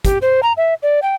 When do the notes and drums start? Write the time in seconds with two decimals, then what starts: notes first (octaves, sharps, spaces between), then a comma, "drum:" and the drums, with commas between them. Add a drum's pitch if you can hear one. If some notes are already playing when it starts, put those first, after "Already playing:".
0.05 G4, drum: kick, hi-hat
0.22 C5
0.43 A#5
0.57 E5
0.83 D5
1.02 G5